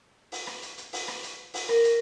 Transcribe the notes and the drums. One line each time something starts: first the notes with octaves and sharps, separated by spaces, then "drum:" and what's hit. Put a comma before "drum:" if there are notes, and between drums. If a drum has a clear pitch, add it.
drum: open hi-hat
drum: rim click
drum: hi-hat
drum: hi-hat
drum: open hi-hat
drum: rim click
drum: hi-hat
drum: open hi-hat
A#4, drum: rim click
drum: hi-hat